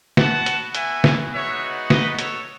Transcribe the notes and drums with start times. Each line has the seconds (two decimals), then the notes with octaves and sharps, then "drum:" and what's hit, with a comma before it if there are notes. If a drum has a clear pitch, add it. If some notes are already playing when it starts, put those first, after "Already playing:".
0.17 B3 F#4 F#5 A5, drum: snare
0.46 drum: hi-hat
0.75 E5 G#5, drum: hi-hat
1.04 drum: snare
1.32 G#3 B3 D#4 F#4 C#5 E5
1.90 B4 D#5, drum: snare
2.19 A4 C#5, drum: hi-hat